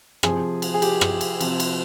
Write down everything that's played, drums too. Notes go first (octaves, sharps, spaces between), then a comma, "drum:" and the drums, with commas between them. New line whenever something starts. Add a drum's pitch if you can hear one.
C3 F3 G#4, drum: rim click
drum: cymbal
G#4
G4, drum: cymbal
drum: rim click
drum: cymbal
C3 F3, drum: cymbal
drum: cymbal